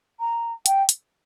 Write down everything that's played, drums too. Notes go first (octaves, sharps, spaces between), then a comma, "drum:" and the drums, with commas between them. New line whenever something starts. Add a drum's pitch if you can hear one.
A#5
G5, drum: hi-hat
drum: hi-hat